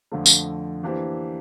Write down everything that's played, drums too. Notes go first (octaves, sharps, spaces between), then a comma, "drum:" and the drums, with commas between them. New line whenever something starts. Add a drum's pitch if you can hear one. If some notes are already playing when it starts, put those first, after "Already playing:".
F2 D3 F3 A3
drum: tambourine
E3 A#3 D4 G4 C5